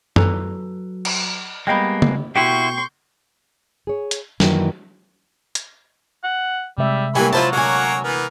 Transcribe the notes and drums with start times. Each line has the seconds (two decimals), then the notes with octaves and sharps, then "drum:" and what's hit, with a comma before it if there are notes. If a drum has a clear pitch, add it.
0.16 F#3 A4 B4 A#5, drum: tom F#2
1.05 drum: cymbal
1.67 G3 G#3 A#3 B3 G4 D#5 B5
2.02 drum: tom C#3
2.36 B2 E4 F#4 G4 G5 C6 C#6 G6
3.87 G#4 C#5
4.11 drum: hi-hat
4.40 F#2 D#3 E3 F#3 A#3 D4, drum: snare
5.55 drum: hi-hat
6.24 F#5
6.78 C3 G3 G#3 E5
7.15 E3 F#3 G3 A#3 G#5 B5
7.33 F3 E4 F4 C5 A5
7.53 D2 A#3 C#5 F#5 G#5
8.04 E3 B3 A#4